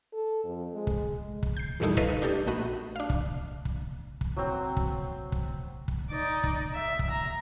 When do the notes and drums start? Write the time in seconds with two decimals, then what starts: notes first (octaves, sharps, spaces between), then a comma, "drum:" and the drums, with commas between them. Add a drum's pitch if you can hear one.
0.13 A4
0.44 F2
0.74 G#3
0.87 drum: kick
1.43 drum: kick
1.57 G6 C7
1.80 E2 A#2 G3 A3 D#4 E4
1.97 D#4 A4 B4 D#5 F5 C#6, drum: kick
2.22 D4 D#4 G4 A4
2.46 A#1 A#2 A3 F#4 D#5 B5
2.96 D4 F5
3.10 drum: kick
3.65 drum: kick
4.21 drum: kick
4.37 F#3 C4
4.77 drum: kick
5.32 drum: kick
5.88 drum: kick
6.11 D#4 D5
6.44 drum: kick
6.75 E5
6.99 drum: kick
7.10 A#5